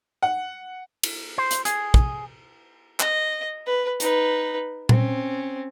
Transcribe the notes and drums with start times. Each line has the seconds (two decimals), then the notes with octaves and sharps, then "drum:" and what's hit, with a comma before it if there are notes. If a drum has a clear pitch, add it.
0.22 F#5
1.03 drum: cymbal
1.38 C5
1.51 drum: hi-hat
1.65 G#4, drum: hi-hat
1.94 drum: kick
3.00 D#5, drum: clap
3.66 B4
4.00 D#4 B4, drum: hi-hat
4.89 C4 C#4, drum: tom A#2